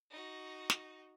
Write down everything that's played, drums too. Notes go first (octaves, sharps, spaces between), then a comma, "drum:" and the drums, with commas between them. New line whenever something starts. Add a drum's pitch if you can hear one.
D#4 F#4
drum: snare